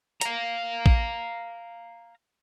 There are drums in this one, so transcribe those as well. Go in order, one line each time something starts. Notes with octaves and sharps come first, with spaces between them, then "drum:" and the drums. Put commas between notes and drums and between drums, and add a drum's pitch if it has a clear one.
F5 A#5, drum: hi-hat
drum: kick